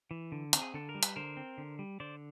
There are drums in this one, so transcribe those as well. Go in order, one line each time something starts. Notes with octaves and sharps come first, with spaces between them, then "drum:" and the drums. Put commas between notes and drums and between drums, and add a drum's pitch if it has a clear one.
E3
D3
C4, drum: hi-hat
G#4
D3 A4
A#4
G3
B4, drum: hi-hat
D3 A#4 C5
C4
D3
G3
D3 C5 D5